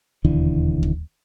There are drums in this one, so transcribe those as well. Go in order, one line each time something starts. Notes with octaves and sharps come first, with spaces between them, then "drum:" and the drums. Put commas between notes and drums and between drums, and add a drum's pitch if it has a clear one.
E1 D#2 D3 E3
drum: kick D#2